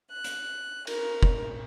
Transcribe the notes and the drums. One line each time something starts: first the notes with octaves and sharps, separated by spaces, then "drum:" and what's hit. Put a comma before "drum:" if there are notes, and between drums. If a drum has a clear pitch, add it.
F#6
drum: hi-hat
A#4, drum: cymbal
drum: kick